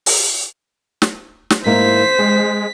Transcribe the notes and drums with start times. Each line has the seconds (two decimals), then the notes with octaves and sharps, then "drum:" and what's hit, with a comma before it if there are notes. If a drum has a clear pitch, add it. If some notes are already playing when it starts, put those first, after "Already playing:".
0.06 drum: open hi-hat
1.02 drum: snare
1.50 drum: snare
1.66 G#2 A#3 E4 C5 B6
2.19 G#3 C4